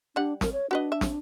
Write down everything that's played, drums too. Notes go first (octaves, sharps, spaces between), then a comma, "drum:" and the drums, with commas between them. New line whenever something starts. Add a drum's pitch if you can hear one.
G3 D4 F#5
A#4, drum: snare
C#5
D4 F#4 B4 D#5
E5
drum: snare